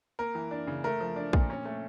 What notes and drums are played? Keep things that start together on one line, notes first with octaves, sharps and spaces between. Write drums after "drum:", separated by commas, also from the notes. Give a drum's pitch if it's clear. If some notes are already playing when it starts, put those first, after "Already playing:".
A#3 A#4
E3
D4
C#3
A3 A#4
F3
D4
A#2, drum: kick
C#4
A3